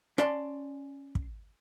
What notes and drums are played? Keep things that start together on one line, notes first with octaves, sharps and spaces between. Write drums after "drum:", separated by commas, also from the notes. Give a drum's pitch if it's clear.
C#4 D5 A5 C6, drum: rim click
drum: kick